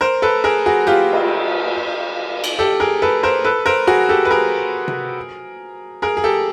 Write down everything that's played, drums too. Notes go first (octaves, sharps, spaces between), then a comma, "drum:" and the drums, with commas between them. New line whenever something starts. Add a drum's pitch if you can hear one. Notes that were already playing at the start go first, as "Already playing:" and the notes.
A#4 C5
A4 B4
G#4 A#4
F#4 G#4
F4 G4
drum: cymbal
drum: cymbal
G4 A4
G#4 A#4
A4 B4
A#4 C5
A4 B4
A#4 C5
F#4 G#4
G4 A4
B4
G#4 A#4
drum: tom C3
G#4 A#4
G#4
G4 A4